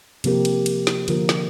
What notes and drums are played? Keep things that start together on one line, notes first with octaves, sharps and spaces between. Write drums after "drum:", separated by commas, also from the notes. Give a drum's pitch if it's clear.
C3 F3 A#3 G4 A#4, drum: cymbal
drum: cymbal
drum: cymbal
drum: snare
D3 F3 A#3 F4 A#4, drum: cymbal
drum: snare